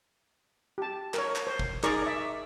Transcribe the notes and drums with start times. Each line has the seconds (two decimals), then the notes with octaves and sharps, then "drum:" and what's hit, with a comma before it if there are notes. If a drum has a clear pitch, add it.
0.78 G4 A5
1.14 A#4 C#5, drum: clap
1.35 drum: clap
1.47 C5
1.59 drum: kick
1.83 D#4 G#4 A#4 D5 A#5 C#6, drum: clap
2.02 D5 E5